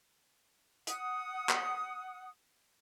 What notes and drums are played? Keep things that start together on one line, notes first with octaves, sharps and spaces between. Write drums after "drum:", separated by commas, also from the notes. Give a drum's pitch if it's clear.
F#5 D#6, drum: hi-hat
drum: clap